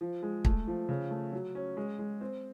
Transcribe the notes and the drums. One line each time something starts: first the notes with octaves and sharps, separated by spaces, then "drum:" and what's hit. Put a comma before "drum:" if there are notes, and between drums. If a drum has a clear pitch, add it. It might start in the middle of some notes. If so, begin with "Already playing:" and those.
F3
G#3
A3, drum: kick
F3
C#3
A3
F#3
C#4
G#3
G#3
C4